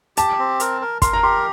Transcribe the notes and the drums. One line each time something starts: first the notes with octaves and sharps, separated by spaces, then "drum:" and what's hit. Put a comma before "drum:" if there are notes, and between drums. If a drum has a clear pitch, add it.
G4 A5, drum: hi-hat
C4
A#4, drum: hi-hat
A#4
A#4 C6, drum: kick, hi-hat
A#5
G4 C6